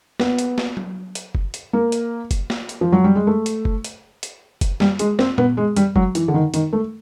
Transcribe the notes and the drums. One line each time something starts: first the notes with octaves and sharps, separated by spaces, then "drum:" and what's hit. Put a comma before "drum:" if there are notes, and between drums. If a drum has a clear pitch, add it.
B3, drum: snare
drum: hi-hat
drum: snare
drum: tom F#3
drum: hi-hat
drum: kick F#1
drum: hi-hat
A#3
drum: hi-hat
drum: kick F#1, hi-hat
drum: snare
drum: hi-hat
F3
F#3
G3
G#3
A3
drum: hi-hat
drum: kick F#1
drum: hi-hat
drum: hi-hat
drum: kick F#1, hi-hat
G3, drum: snare
G#3, drum: hi-hat
C4, drum: snare
B3, drum: tom A#2
G#3
G3, drum: hi-hat
F#3, drum: kick F#1
E3, drum: hi-hat
D3
D#3
D#3, drum: hi-hat
A3